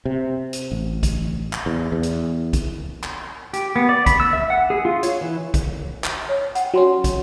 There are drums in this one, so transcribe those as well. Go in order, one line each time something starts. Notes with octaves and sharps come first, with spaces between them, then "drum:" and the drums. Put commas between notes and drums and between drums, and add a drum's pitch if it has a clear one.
C3
drum: hi-hat
A1
drum: kick, hi-hat
drum: clap
E2
E2
drum: hi-hat
drum: kick, hi-hat
drum: clap
G4, drum: hi-hat
B3
D5
B5, drum: kick, hi-hat
E6
E5
F#5
G#4
F4
C#5, drum: hi-hat
E3
drum: kick, hi-hat
drum: clap
C#5
F#5 G5, drum: hi-hat
F#3 C#4 C#5 C6
drum: kick, hi-hat